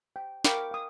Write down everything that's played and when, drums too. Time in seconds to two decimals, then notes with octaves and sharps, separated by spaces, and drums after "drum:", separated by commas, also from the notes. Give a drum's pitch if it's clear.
0.16 G5
0.45 A#4 F5 G5 B5 C#6 D6, drum: snare
0.71 F5 D#6